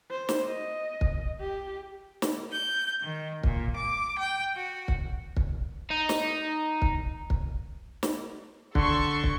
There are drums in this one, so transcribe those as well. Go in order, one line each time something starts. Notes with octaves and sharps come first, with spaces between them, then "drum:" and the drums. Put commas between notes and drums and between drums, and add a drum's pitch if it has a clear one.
C5
drum: snare
D#5
drum: kick
G4
drum: snare
G6
D#3
A#2, drum: kick
D6
G5
F#4
drum: kick
drum: kick
D#4
drum: snare
drum: kick
drum: kick
drum: snare
D3 A4 C6 C#6, drum: kick
drum: kick